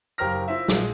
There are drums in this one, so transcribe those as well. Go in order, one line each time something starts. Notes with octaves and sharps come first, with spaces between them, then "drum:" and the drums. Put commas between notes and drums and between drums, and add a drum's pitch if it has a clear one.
F#1 G4 A#4 C5 F6 A#6
E4 F4 C5 E5
A#1 G#3, drum: snare